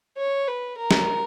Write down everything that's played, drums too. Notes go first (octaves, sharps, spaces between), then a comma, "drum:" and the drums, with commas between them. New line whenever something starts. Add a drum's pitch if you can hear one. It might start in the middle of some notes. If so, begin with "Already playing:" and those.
C#5
B4
A#4
drum: snare